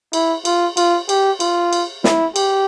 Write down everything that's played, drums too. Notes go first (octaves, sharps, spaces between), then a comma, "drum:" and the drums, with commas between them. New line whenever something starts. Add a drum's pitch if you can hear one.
E4, drum: cymbal
F4, drum: cymbal
F4, drum: cymbal
G4, drum: cymbal
F4, drum: cymbal
drum: cymbal
E4, drum: snare
G4, drum: cymbal